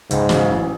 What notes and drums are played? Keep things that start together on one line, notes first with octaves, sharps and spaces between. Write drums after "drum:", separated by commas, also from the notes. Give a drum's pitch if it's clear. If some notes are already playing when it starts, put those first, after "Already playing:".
C#2 G#2, drum: hi-hat
C#3 F#3, drum: snare
A1